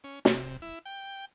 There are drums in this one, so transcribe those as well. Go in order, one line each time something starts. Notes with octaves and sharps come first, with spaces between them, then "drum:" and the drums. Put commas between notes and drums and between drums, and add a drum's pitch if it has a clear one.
C#4
C3, drum: snare
E4
G5